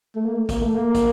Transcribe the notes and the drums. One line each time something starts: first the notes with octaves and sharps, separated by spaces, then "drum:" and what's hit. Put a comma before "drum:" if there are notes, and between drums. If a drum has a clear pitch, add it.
A3
A#3
A3
A#3, drum: kick, hi-hat
A3
A#3
drum: kick, hi-hat